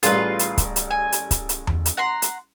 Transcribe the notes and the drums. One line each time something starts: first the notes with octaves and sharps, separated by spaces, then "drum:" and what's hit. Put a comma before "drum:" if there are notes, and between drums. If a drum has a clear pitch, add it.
A1 G3 F4 G#4 B4, drum: hi-hat
drum: hi-hat
drum: kick C#1, hi-hat
drum: hi-hat
G#5
drum: hi-hat
drum: kick C#1, hi-hat
drum: hi-hat
drum: tom E2
drum: hi-hat
F#5 A#5 C6
drum: hi-hat